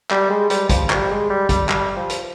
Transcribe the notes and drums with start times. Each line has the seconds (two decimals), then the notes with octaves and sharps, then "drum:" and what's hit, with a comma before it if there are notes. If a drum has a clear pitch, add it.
0.11 G3, drum: clap
0.30 G#3
0.50 G3, drum: hi-hat
0.69 F3, drum: kick G#1, hi-hat
0.90 G3, drum: clap
1.10 G#3
1.30 G3
1.49 G3, drum: kick G#1, hi-hat
1.69 G3, drum: clap
1.96 F3
2.10 drum: hi-hat